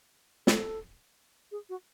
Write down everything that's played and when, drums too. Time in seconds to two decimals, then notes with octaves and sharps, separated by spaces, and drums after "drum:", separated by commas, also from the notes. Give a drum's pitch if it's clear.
0.47 A4, drum: snare
1.51 G#4
1.69 F#4